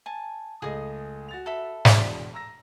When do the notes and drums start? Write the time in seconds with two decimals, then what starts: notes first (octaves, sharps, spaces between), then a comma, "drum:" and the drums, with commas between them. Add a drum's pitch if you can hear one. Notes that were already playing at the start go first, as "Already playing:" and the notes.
0.06 G#5 A5
0.62 C#2 A3 G#4 D#5 D#6
1.29 F#4 A6 F7
1.46 A4 E5 B5
1.85 E1 D4, drum: snare
2.34 A#5 E6 A#6